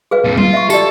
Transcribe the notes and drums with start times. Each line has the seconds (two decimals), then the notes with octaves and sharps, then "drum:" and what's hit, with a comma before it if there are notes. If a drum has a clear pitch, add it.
0.11 G#4 B4 F5
0.24 F2 A#2
0.37 F4, drum: tom F#3
0.53 E5 C#6
0.70 G4 A4 D5, drum: tambourine